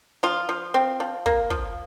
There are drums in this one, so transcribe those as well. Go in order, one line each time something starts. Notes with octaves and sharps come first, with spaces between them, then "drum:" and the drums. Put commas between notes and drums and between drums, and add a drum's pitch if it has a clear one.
F3 F4
F3
C4
F3
A#3, drum: kick
F3, drum: kick